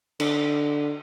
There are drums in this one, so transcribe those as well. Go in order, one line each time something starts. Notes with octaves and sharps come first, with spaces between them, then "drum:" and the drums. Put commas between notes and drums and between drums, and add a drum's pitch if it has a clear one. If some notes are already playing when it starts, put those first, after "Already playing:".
D3, drum: cymbal